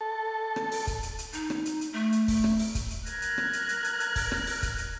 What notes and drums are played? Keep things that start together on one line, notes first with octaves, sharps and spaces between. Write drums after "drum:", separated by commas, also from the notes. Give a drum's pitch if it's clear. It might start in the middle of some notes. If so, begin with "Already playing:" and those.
A4
drum: rim click
drum: open hi-hat
drum: kick, hi-hat
drum: hi-hat
drum: hi-hat
D#4, drum: hi-hat
drum: rim click
drum: hi-hat
drum: hi-hat
A3
drum: hi-hat
drum: kick, open hi-hat
drum: rim click
drum: open hi-hat
drum: kick, hi-hat
drum: hi-hat
A#4 F6 F#6 G#6, drum: hi-hat
drum: hi-hat
drum: rim click
drum: hi-hat
drum: hi-hat
drum: hi-hat
drum: hi-hat
drum: kick, open hi-hat
drum: rim click
drum: open hi-hat
drum: kick, hi-hat
drum: hi-hat